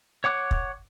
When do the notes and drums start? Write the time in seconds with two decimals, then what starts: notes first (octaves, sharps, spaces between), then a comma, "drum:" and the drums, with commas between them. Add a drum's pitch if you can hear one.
0.24 C#5 F#5 D6 F#6
0.51 drum: kick